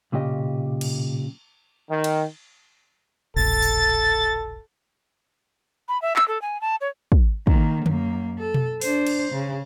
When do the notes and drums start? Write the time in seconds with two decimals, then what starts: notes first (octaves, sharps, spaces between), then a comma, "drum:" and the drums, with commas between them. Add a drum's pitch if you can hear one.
0.12 B1 A#2 C#3 G4 D#5
0.81 drum: cymbal
1.89 D#3
2.04 drum: cymbal
3.36 E1 A#1 A4 A6
3.62 drum: tambourine
5.88 B5
6.02 E5
6.16 E6, drum: clap
6.28 A4
6.42 G#5
6.61 A5
6.81 C#5
7.12 drum: kick
7.47 D#3 A#3, drum: kick
7.86 F#2 A#3, drum: tom D3
8.39 A4
8.54 drum: tom B2
8.81 D4 C5, drum: open hi-hat
9.07 drum: cymbal
9.32 C#3